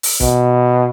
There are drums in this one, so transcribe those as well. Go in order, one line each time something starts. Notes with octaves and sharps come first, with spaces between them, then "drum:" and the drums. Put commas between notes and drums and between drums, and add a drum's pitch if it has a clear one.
drum: open hi-hat
B2, drum: kick